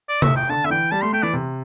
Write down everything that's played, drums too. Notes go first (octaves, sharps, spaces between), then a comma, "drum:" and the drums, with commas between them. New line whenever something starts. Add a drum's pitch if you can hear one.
D5
E5, drum: tom C3
G5
D3 A5
D3 E5
E3 G5
G3 A5
A3 C6
A3 G5
E3 D5
C3